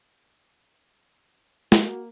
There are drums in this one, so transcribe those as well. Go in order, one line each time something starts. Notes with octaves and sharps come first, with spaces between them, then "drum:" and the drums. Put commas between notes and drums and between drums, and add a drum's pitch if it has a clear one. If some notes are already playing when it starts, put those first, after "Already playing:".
A#3 F#4, drum: snare